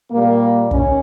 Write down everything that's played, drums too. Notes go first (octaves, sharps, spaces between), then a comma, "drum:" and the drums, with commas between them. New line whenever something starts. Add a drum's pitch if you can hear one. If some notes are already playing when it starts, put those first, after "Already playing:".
A#2 G3 A#3
D#2 C#4, drum: kick